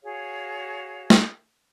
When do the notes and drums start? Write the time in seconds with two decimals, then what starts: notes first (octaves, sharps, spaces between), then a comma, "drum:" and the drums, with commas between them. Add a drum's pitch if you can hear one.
0.03 F#4 G#4 C#5 F5
1.10 drum: snare